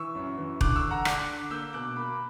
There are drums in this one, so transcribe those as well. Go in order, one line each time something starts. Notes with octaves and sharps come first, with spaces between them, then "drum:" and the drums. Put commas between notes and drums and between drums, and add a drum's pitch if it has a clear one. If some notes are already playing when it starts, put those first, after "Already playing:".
Already playing: E3 C#6 E6
F#2
E3
D3 D6 F#6, drum: kick E1
C#6 E6
D3
F#5 A#5
D4 D6 F#6, drum: rim click
D3
A#3 E6 G6
B2 D6 F#6
A#3 B5 D6